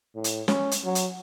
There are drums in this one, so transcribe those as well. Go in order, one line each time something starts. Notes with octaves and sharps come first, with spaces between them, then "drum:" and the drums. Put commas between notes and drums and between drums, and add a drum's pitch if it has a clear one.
A2
drum: hi-hat
C#4, drum: snare
drum: hi-hat
F#3
drum: hi-hat